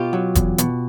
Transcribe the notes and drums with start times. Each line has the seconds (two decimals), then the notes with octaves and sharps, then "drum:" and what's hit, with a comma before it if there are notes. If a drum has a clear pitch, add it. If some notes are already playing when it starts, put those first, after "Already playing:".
Already playing: B2 F4 G4
0.13 F#3
0.35 E2, drum: kick, hi-hat
0.58 B2, drum: hi-hat